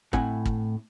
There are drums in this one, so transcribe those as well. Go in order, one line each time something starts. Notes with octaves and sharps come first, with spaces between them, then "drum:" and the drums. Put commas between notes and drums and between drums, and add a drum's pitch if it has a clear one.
A2 C4 E4 F#5 G#5, drum: kick
drum: kick